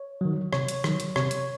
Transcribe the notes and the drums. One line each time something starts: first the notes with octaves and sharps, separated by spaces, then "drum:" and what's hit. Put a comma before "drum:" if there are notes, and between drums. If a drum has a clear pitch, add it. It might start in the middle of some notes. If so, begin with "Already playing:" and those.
Already playing: C#5
D#3 F#3
C3 C#5, drum: rim click
drum: hi-hat
D#3 F#3, drum: rim click
drum: hi-hat
C3 C#5, drum: rim click
drum: hi-hat